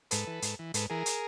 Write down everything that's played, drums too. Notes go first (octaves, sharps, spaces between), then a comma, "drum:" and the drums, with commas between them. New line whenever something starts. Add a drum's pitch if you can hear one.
G#2 A4 B4, drum: hi-hat
E3
G#2, drum: hi-hat
E3
G#2 A4 B4, drum: hi-hat
E3 G#4 A#4
drum: hi-hat